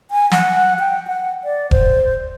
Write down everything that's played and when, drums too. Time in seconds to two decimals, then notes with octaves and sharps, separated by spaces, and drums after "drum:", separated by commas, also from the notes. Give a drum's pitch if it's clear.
0.11 G#5
0.31 F#5, drum: snare
0.79 G5
1.07 F#5
1.44 D5
1.71 C5, drum: kick E1